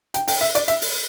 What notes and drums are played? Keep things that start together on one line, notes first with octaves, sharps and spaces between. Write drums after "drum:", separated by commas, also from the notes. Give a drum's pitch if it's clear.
G5, drum: hi-hat
G5, drum: open hi-hat
E5
D5, drum: hi-hat
E5, drum: hi-hat
drum: open hi-hat